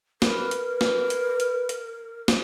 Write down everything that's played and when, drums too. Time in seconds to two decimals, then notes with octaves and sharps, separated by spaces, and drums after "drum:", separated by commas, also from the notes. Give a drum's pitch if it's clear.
0.22 A#4 B4, drum: snare
0.51 drum: hi-hat
0.81 drum: snare
1.10 drum: hi-hat
1.40 drum: hi-hat
1.69 drum: hi-hat
2.28 drum: snare